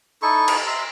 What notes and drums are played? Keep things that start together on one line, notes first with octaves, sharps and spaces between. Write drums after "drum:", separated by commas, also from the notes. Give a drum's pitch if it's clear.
D#4 E4 A4 C#6
drum: cymbal
E5 A#5 C6